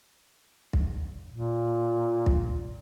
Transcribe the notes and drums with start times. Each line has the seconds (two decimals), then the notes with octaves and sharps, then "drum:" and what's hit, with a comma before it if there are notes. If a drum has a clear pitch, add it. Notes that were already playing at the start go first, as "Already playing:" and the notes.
0.73 drum: kick
1.31 A#2
2.26 drum: kick